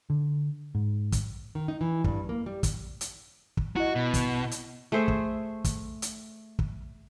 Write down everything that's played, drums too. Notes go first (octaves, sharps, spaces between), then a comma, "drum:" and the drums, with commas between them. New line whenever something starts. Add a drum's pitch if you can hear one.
D3
G#2
drum: kick, hi-hat
D#3
D#4
E3
G2, drum: kick
A#3
G3
drum: kick, hi-hat
drum: hi-hat
drum: kick
E4 F#4 D#5
B2
drum: kick, hi-hat
drum: hi-hat
A3 G#4 C5 E5
drum: kick
drum: kick, hi-hat
drum: hi-hat
drum: kick